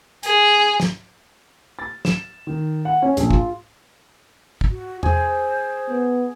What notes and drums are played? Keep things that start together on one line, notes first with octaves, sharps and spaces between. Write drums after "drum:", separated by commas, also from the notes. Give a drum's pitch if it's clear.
G#4, drum: hi-hat
drum: snare
A6
E7, drum: snare
D#3
F#5
C#4
A#1, drum: hi-hat
F4, drum: kick
drum: kick
F#4
G#4 C5, drum: tom E2
B3